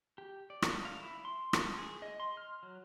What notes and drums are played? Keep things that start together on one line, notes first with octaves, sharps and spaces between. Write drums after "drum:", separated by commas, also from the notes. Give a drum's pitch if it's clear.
G4
D5
drum: rim click
F5
E4
C6
drum: rim click
G#4
D#5
C6
F6
F#3